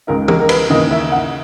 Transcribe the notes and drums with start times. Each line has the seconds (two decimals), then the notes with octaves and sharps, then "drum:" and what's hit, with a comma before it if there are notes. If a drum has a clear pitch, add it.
0.07 C#2 C#3 G#3 D#4 A#4
0.28 A#4, drum: tom
0.40 A#4
0.49 B4, drum: cymbal
0.70 D#2 C#3 E3 A#3 D#5
0.91 E5
1.12 F#5